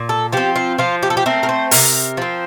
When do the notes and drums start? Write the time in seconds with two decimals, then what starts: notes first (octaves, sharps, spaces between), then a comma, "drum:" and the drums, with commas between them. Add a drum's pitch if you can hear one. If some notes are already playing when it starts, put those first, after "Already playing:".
Already playing: A#2
0.09 A4
0.32 F3 C4 G4
0.56 F4
0.78 F3 F4
1.03 G4
1.10 A4
1.17 G4
1.26 A3 C4 A#4
1.43 A#4
1.49 C5
1.71 C3 A#4, drum: open hi-hat
2.17 F3 C4